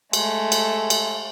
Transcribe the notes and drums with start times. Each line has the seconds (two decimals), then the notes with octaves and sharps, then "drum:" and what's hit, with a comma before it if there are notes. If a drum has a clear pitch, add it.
0.13 G#3 A3, drum: cymbal
0.52 drum: cymbal
0.90 drum: cymbal